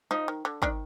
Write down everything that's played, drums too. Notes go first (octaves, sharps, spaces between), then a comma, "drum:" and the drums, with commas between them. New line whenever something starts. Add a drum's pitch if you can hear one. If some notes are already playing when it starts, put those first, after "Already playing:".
F3 D#4
D#3
D3
D#3 D4, drum: kick